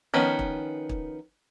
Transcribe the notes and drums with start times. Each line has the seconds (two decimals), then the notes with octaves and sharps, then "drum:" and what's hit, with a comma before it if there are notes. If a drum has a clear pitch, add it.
0.14 D#3 F3 B3 C#4
0.39 drum: kick
0.89 drum: kick